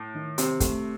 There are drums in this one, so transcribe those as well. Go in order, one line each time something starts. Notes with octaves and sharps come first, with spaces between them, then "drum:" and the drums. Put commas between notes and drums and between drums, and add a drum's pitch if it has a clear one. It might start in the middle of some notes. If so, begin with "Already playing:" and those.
Already playing: A2
D#3
C3 C4, drum: hi-hat
A3, drum: kick, hi-hat